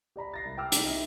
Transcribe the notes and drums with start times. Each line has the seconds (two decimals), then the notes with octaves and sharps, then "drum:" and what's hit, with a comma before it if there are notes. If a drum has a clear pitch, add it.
0.16 G4 D5 A#5 B5
0.34 A6 A#6 C7
0.45 C2
0.58 G5 D6 E6 F6
0.72 C2, drum: hi-hat
0.85 D#4 E4 G4 D#5 E5